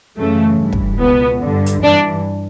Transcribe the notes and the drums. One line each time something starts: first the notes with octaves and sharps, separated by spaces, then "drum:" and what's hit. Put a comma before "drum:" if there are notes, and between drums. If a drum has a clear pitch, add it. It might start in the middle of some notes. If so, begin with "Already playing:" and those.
F#2 C#3 E3 A3
G2 E3
drum: kick
C#2 B2 B3
G2 D3
drum: hi-hat
G2 E3 D4